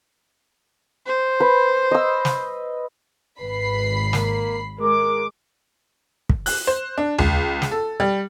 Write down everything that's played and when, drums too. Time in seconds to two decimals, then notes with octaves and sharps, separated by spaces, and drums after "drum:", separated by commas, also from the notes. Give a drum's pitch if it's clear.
1.06 C5
1.40 B4
1.91 D#5 E6
2.25 drum: snare
3.41 G#1 B4 B5 C7
4.13 A#3, drum: snare
4.80 G#3 A#4 D6
6.30 drum: kick
6.46 F#6, drum: open hi-hat
6.67 C5
6.98 D4
7.18 C#2, drum: tom D#2
7.62 drum: snare
7.71 A4
8.00 G3